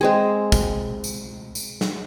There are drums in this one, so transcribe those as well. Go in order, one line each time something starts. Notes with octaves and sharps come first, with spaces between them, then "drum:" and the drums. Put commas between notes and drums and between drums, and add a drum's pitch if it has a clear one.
G#3 C4 G#4
drum: kick, tambourine
drum: tambourine
drum: tambourine
drum: snare